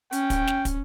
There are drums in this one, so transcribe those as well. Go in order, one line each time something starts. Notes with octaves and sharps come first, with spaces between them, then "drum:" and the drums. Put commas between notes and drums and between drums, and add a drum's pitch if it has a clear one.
C#4 G5, drum: hi-hat
drum: kick, hi-hat
drum: snare
drum: kick, hi-hat